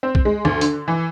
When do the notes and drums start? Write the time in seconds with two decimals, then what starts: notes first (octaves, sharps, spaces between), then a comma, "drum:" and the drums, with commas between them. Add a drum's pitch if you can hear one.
0.03 C4
0.15 drum: kick
0.25 G#3
0.45 D2, drum: tom D#3
0.61 D3, drum: hi-hat
0.88 E3